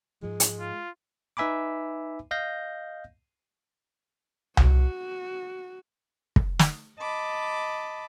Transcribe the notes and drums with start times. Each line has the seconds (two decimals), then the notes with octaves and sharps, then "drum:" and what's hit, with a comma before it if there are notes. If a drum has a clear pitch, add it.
0.23 G#2 F3 G#3
0.40 drum: hi-hat
0.60 F4
1.37 D#4 B4 E5 G#5 B5 D6
2.31 D#5 F5 G6 A#6
4.57 F#4, drum: tom C2
6.36 drum: kick
6.59 drum: snare
6.99 D#5 A5 B5 D6